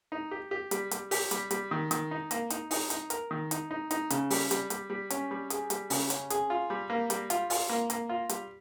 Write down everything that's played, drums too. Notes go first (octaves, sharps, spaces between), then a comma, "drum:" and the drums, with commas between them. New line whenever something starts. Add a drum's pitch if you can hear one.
D#4
G4
G4
G3, drum: hi-hat
G3, drum: hi-hat
G4, drum: open hi-hat
G3, drum: hi-hat
G3, drum: hi-hat
D#3
D#3, drum: hi-hat
D#4
A#3, drum: hi-hat
D#4, drum: hi-hat
D#4, drum: open hi-hat
D#4, drum: hi-hat
A#4, drum: hi-hat
D#3
D#4, drum: hi-hat
D#4
D#4, drum: hi-hat
C#3, drum: hi-hat
G3, drum: open hi-hat
G3, drum: hi-hat
G3, drum: hi-hat
G3
C#4, drum: hi-hat
G3
G#4, drum: hi-hat
G3, drum: hi-hat
C#3, drum: open hi-hat
C#4, drum: hi-hat
G#4, drum: hi-hat
F4
G3
A#3
G3, drum: hi-hat
F4, drum: hi-hat
F4, drum: open hi-hat
A#3
A#3, drum: hi-hat
F4
G3, drum: hi-hat